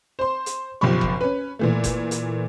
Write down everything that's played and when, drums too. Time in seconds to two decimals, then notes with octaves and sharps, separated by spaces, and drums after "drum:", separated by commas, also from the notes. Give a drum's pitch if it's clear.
0.19 C5 C6
0.46 drum: hi-hat
0.81 F#1 B1 F3 G4 B5 C#6
1.01 drum: kick F#1
1.21 C#4 B4
1.59 A#2 E3 A3
1.84 drum: kick F#1, hi-hat
2.11 drum: hi-hat